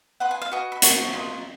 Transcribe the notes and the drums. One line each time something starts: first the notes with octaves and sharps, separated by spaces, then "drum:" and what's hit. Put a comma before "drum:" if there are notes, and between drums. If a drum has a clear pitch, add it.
F4 B4 D#5 F#5
G#5
F5
F#4 B4 D#5 G#5
B5
F#4 A#4 C#5 C#6, drum: hi-hat
F4 A#4 D#5